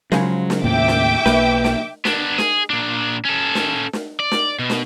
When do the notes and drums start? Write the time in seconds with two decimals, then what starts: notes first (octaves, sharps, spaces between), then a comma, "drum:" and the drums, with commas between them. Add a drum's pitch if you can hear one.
0.12 C#3 F3 F#3 G#3, drum: snare
0.50 drum: snare
0.64 D#2 A2 A#3 E5 G5 D6
0.88 drum: snare
1.26 B1 A#3 B4, drum: snare
1.64 drum: snare
2.05 B3 D4, drum: snare
2.38 G#4, drum: snare
2.70 A#2 D4
3.25 C#4 A4
3.55 drum: snare
3.93 drum: snare
4.20 D5
4.31 drum: snare
4.59 B2
4.70 drum: snare